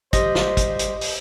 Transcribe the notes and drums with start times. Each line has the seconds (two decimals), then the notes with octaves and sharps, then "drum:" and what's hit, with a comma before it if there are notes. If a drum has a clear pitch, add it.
0.13 G3 C5 D#5, drum: kick, hi-hat
0.35 drum: snare
0.57 drum: kick, hi-hat
0.79 drum: hi-hat
1.01 drum: open hi-hat